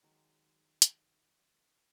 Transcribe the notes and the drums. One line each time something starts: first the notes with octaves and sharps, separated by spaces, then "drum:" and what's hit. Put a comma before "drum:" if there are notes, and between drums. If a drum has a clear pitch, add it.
D#3 F#3 G#3 D#4
drum: hi-hat